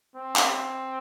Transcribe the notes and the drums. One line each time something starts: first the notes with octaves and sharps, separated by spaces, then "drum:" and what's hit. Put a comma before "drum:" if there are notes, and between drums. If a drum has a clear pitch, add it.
C4
drum: clap